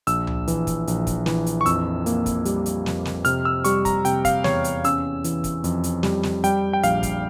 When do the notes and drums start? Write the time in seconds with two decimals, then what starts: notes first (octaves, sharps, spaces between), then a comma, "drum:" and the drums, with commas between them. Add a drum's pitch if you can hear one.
0.07 A#1 E6, drum: hi-hat
0.27 drum: tom C#2
0.48 E3, drum: hi-hat
0.67 drum: kick, hi-hat
0.87 A#1, drum: hi-hat
1.07 drum: kick, hi-hat
1.26 E3, drum: snare
1.46 drum: hi-hat
1.61 C#6
1.66 F2 E6, drum: hi-hat
2.06 A#3, drum: hi-hat
2.26 drum: kick, hi-hat
2.45 G3, drum: hi-hat
2.66 drum: hi-hat
2.86 F2, drum: snare
3.05 drum: snare
3.25 C3 F6, drum: hi-hat
3.45 E6
3.64 G3 C#6, drum: hi-hat
3.85 A#5, drum: kick, hi-hat
4.05 C3 G5, drum: hi-hat
4.25 F5, drum: kick, hi-hat
4.44 E2 C#5, drum: snare
4.64 drum: hi-hat
4.84 C#4 E6, drum: hi-hat
5.24 E3, drum: hi-hat
5.44 drum: kick, hi-hat
5.64 F2, drum: hi-hat
5.84 drum: hi-hat
6.03 G3, drum: snare
6.23 drum: snare
6.44 G3 G5, drum: hi-hat
6.73 G5
6.83 A#1 F5, drum: hi-hat
7.03 drum: kick, hi-hat